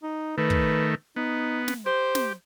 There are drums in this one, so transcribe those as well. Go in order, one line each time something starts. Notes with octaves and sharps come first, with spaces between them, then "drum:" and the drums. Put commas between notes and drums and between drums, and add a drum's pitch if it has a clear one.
D#4
D#3 A3 B4
drum: kick
B3 D#4
drum: snare
G4 C5
drum: snare